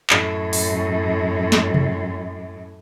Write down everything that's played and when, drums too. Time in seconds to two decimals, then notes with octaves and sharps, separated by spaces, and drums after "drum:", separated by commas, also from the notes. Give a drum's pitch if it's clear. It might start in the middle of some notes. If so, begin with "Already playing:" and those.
0.10 F#2 A2, drum: clap
0.53 drum: open hi-hat
1.52 drum: snare
1.74 drum: tom C3